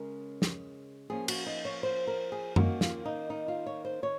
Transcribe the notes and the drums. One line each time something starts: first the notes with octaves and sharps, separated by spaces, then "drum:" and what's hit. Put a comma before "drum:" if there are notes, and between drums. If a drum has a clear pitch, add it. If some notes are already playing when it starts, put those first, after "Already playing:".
Already playing: C#3 G#3 C#4 A#4
drum: snare
F3 A#3 C#4 G#4
F#4, drum: cymbal
D#4
C#5
C5
A#4
G#4
D#3 A#3 C#4 F#4, drum: tom F#2
F4, drum: snare
D#4
D#4
F4
C#5
C5
D#3 C#5